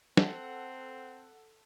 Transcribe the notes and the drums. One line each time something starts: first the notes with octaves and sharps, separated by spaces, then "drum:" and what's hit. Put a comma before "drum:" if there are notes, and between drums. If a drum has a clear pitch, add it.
C4 A4 F#5, drum: snare